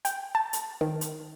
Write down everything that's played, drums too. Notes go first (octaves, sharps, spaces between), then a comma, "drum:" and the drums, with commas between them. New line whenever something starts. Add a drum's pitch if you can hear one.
G5, drum: hi-hat
A5
drum: hi-hat
D#3
drum: hi-hat